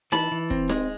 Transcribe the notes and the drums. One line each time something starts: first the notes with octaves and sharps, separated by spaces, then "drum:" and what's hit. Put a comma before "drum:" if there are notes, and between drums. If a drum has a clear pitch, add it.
E3 A5 B5, drum: snare D#4
E3
C4, drum: kick
G#3, drum: snare D#4